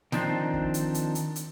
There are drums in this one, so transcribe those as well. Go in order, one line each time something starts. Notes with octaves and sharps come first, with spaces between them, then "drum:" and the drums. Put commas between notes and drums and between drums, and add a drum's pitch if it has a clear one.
D#3 F3 C4 D4 D#4 C5, drum: snare
drum: kick
drum: hi-hat
drum: hi-hat
drum: hi-hat
drum: hi-hat